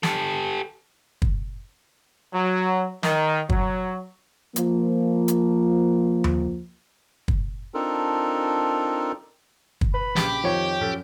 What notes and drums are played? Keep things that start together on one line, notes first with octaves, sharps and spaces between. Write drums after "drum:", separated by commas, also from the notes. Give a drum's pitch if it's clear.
G4 A4, drum: snare
drum: kick
F#3
D#3, drum: snare
F#3, drum: kick
F3 A#3, drum: hi-hat
drum: hi-hat
drum: tom D#2
drum: kick
C4 D4 D#4 F4 A4 A#4
drum: kick
B4 B5
A#1 C#3 G4, drum: snare
F2 D#3 F3 C#5 G5
F#2 A4 F6 B6